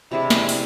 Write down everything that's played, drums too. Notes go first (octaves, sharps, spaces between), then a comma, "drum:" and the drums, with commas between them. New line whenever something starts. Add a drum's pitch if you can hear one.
C3 G#3 D4 E4
drum: snare
drum: open hi-hat